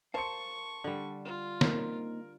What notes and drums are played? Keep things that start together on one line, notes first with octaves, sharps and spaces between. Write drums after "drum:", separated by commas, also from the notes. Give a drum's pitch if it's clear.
A#4 C5 F5 A5 C6 C#6 C#7
D3 G3
F4
A#3 C4 D#4 A#4, drum: snare